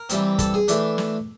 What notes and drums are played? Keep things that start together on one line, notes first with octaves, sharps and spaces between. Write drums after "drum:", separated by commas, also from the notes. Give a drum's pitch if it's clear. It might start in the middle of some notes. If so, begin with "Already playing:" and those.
Already playing: A#4
E3 G3 C4, drum: hi-hat
A4, drum: kick, hi-hat
G#4
E3 A3 D4, drum: hi-hat
drum: snare